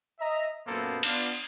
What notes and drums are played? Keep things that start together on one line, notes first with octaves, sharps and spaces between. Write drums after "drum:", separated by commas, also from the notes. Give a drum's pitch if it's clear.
D#5 E5 A#5
F#2 A#2 A#3 B3 A4 C5
B3 D4 F4, drum: cymbal